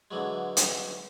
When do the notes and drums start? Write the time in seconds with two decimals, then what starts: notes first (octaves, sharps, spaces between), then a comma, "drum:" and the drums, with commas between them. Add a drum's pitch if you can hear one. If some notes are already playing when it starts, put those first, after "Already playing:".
0.11 D3 E3 F#3 G#3
0.57 drum: hi-hat